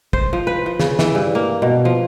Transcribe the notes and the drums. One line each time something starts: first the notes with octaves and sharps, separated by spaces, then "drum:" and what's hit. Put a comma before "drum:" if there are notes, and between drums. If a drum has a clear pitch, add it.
C5, drum: kick
F3
B4
F3
C#3, drum: snare
E3, drum: snare
G2
A#3
B2
F3